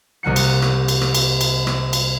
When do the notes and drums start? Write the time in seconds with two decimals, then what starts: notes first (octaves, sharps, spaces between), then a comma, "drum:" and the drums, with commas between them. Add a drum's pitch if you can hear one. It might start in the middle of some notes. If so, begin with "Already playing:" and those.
0.23 C2 A#3 F#5 C#7
0.36 drum: cymbal
0.62 drum: rim click
0.88 drum: cymbal
1.01 drum: rim click
1.15 drum: cymbal
1.41 drum: cymbal
1.67 drum: rim click
1.93 drum: cymbal